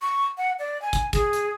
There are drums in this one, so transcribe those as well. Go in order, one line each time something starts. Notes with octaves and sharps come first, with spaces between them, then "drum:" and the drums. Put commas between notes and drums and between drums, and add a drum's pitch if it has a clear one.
C#6
F#5
D5
G#5
drum: kick, hi-hat
G#4, drum: kick, hi-hat
drum: hi-hat